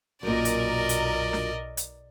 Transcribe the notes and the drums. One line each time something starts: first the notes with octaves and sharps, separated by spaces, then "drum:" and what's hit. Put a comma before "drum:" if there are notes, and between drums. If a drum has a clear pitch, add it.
B1 F#2 A#2 A#4 D5 D#5
drum: hi-hat
drum: hi-hat
drum: snare D4
drum: hi-hat